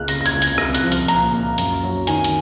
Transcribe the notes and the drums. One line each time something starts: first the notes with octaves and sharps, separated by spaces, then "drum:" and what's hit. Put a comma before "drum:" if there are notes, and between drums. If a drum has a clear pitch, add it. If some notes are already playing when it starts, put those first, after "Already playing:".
Already playing: C#2 G#3 A#3 F6 F#6
C#3 A#6, drum: hi-hat
A#6
G#6, drum: hi-hat
C#2
G#6, drum: hi-hat
C2 A#6, drum: rim click
F#6, drum: hi-hat
F3
F6, drum: hi-hat
A#2 A#5, drum: hi-hat
A#3
F#2, drum: hi-hat
F#3
D#3 G#5, drum: hi-hat
drum: hi-hat